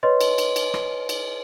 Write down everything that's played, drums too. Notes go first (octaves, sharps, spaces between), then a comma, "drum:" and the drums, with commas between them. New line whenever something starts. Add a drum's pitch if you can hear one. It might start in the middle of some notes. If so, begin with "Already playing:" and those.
B4 C#5 D#5 C6
drum: cymbal
drum: cymbal
drum: cymbal
drum: rim click
drum: cymbal